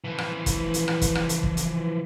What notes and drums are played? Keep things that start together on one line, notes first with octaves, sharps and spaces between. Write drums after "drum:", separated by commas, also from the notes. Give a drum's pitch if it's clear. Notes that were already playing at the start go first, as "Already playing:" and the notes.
E3 F3
drum: rim click
drum: kick, hi-hat
drum: hi-hat
drum: rim click
drum: kick, hi-hat
drum: rim click
drum: hi-hat
drum: kick
drum: hi-hat